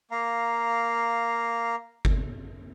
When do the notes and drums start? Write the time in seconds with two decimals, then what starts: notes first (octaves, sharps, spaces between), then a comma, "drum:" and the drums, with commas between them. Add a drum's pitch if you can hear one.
0.11 A#3 F5 A#5
2.05 drum: kick G1